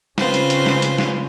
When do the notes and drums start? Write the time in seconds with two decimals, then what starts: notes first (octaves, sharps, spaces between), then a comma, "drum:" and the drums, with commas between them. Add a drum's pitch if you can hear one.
0.18 C#3 C4 C#4 F4 B4 C5, drum: snare
0.34 drum: hi-hat
0.50 drum: hi-hat
0.66 drum: snare
0.82 drum: hi-hat
0.98 drum: snare